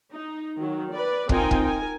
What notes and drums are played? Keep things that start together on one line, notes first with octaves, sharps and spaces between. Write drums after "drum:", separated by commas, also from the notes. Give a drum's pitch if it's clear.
D#4
D#3 F#3
B4 D5
C4 D#4 F4 A#4 G5 G#5, drum: kick
drum: kick
A#4 G#5